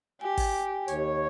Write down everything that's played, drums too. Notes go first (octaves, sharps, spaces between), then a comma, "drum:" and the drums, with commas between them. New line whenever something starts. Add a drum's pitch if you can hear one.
G4 G#5
drum: kick, open hi-hat
D#2 C#5, drum: hi-hat